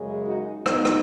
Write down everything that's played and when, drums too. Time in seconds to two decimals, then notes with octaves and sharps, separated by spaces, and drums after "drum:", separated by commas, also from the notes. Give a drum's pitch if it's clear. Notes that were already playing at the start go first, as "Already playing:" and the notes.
Already playing: F#2 C#3 G#3
0.26 D#4 F#4
0.66 B3 D#4, drum: rim click
0.85 drum: rim click